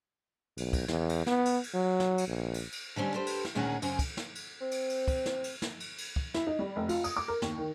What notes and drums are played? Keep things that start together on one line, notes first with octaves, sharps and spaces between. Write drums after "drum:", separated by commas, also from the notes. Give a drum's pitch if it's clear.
B1, drum: cymbal
drum: kick, cymbal
E2, drum: snare
drum: cymbal
B3, drum: snare
drum: cymbal
drum: cymbal
F#3
drum: snare
drum: cymbal
A#1
drum: cymbal
drum: cymbal
D3 G3 C4 C#4
G4 A4 B4 C5
drum: cymbal
drum: snare
D2 A#2 D#3 C#4 G#4 F#5
F#2 C#3 C4, drum: cymbal
drum: kick, cymbal
drum: snare
drum: cymbal
C4
drum: cymbal
drum: cymbal
drum: kick, cymbal
drum: snare
drum: cymbal
drum: snare
drum: cymbal
drum: cymbal
drum: kick
E4, drum: snare
D#4
G3
F1
F4, drum: cymbal
D#6, drum: cymbal
D6
A#4
D#2, drum: snare
D#3